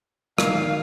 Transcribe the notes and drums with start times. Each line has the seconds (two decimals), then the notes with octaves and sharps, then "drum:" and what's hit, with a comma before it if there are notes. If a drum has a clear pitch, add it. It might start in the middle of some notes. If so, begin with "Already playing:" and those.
0.38 D#3 F5, drum: rim click